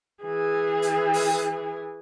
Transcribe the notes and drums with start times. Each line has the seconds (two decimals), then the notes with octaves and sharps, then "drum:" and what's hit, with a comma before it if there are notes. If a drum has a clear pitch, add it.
0.24 E3 G#4
0.82 drum: hi-hat
1.14 drum: open hi-hat